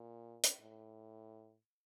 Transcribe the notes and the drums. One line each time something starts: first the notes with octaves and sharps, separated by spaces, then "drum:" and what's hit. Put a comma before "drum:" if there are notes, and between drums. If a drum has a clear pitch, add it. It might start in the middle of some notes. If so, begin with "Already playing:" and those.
Already playing: A#2
drum: hi-hat
A2